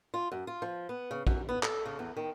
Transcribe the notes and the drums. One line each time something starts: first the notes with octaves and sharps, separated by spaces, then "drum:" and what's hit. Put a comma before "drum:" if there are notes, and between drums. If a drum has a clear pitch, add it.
F4
F#2
F4
F3
B3
C#3
F#2, drum: kick A#1
B3
A4, drum: clap
C#3
E2
D#3